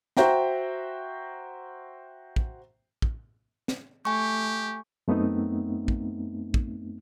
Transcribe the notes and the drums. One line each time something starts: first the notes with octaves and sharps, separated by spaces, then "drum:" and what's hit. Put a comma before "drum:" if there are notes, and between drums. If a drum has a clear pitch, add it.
F#4 C5 E5 G5 A#5, drum: snare
drum: kick
drum: kick
drum: snare
A3 G4 G#5 C#6
F#2 A3 B3 C4 D#4
drum: kick
drum: kick